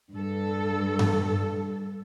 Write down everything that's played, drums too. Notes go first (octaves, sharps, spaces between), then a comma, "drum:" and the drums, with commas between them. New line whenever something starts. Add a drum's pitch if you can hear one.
G2 A4
drum: tom G2